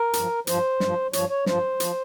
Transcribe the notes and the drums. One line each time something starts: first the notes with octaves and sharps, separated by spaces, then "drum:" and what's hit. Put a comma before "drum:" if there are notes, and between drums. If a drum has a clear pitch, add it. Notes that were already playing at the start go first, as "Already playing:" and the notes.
Already playing: A#4
G2 F3, drum: hi-hat
G2 F3 C5, drum: hi-hat
G2 F3, drum: snare
G2 F3 C#5, drum: hi-hat
C#5
G2 F3 C5, drum: snare
F3, drum: hi-hat